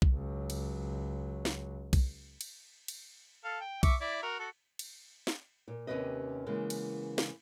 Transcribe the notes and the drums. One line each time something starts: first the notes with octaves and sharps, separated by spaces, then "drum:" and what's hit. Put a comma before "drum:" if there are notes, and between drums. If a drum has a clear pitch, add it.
drum: kick B1
C#2 F#3
drum: cymbal
drum: snare
drum: kick B1, cymbal
drum: cymbal
drum: cymbal
A4 F5
G5
E5 C#6 D6, drum: kick B1, cymbal
E4 D5 E5
F#4 A#4
F#4 A4
drum: cymbal
drum: snare
A#2
D#2 C3 G#3 C#4 B4 D#5
C#3 E3 G#3 A#3 B3
drum: cymbal
drum: snare